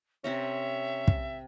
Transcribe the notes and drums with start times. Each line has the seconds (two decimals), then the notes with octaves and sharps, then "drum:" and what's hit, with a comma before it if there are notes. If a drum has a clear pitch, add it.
0.24 C3 C4 C#4 A#4 E5
1.08 drum: kick